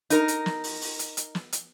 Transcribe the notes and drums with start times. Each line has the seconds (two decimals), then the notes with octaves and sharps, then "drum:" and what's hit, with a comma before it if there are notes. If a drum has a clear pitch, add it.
0.10 D#4 A#4, drum: hi-hat
0.28 drum: hi-hat
0.46 drum: snare
0.64 drum: open hi-hat
0.81 drum: open hi-hat
0.99 drum: hi-hat
1.17 drum: hi-hat
1.35 drum: snare
1.52 drum: hi-hat